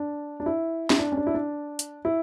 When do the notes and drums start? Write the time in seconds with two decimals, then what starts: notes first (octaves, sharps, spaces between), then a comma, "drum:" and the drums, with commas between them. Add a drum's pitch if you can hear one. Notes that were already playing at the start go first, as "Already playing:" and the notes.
Already playing: D4
0.40 D4
0.46 E4
0.90 E4, drum: snare
0.99 D4
1.12 C#4
1.17 D4
1.27 E4
1.34 D4
1.79 drum: hi-hat
2.05 E4